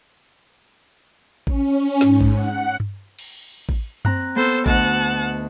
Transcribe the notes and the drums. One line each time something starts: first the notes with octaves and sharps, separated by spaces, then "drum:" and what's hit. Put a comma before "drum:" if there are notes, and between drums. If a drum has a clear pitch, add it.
C#4, drum: kick A1
G#2, drum: snare
drum: kick A1
F#5
drum: tom G2
drum: cymbal
drum: kick A1
C4 A#5 F#6, drum: tom F#2
B3 A4 C5
D2 D#5 F#5 A5, drum: kick A1